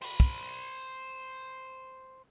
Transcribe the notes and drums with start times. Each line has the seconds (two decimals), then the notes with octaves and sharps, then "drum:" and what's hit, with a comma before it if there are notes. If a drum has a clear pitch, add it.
0.02 C5 B5, drum: open hi-hat
0.20 drum: kick